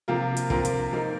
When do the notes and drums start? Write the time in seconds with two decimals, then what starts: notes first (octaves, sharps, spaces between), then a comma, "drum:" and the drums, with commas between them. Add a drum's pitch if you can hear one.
0.08 C3 F3 A#3 F4 A#4
0.37 drum: hi-hat
0.50 C3 F3 A#3 F4 A#4, drum: kick
0.65 drum: hi-hat
0.93 F3 A#3 D#4 A#4